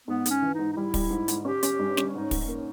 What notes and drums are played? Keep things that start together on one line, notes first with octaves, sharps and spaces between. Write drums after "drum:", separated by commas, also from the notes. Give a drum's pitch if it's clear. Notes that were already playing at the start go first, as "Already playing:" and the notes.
G#2 B3
G#2, drum: hi-hat
C#4
E3
G#2 D#4
D#4
G3 E4
G3, drum: kick, open hi-hat
G#2
G#2, drum: hi-hat
C#4 G4
C#4, drum: hi-hat
G2
C#4, drum: snare
G#2 D#4
G#2, drum: kick, open hi-hat
A#3